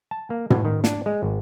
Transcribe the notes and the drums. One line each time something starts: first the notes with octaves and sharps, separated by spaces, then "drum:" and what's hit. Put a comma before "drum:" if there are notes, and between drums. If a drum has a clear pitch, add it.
A5
A#3
A2, drum: tom
D#3
D4, drum: snare
G#3
G#1